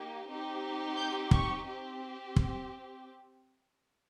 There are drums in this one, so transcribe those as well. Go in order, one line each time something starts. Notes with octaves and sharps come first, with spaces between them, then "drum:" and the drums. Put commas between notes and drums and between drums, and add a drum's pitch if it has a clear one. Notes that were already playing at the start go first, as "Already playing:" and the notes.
Already playing: A#3 D#4 G4
C4 D#4 G4
G6
C#6, drum: kick
C4 G4
drum: kick